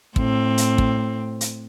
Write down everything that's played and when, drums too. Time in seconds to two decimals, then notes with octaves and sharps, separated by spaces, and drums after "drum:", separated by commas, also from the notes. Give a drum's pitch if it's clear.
0.16 A2 C4, drum: kick
0.58 drum: hi-hat
0.78 drum: kick
1.41 drum: hi-hat